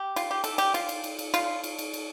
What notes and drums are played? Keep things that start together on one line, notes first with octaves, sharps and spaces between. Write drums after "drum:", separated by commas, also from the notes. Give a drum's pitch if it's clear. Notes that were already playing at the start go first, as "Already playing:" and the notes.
Already playing: G4
F4, drum: cymbal
G4
A4, drum: cymbal
G4, drum: cymbal
F4, drum: cymbal
drum: cymbal
drum: cymbal
drum: cymbal
F4, drum: cymbal
drum: cymbal
drum: cymbal
drum: cymbal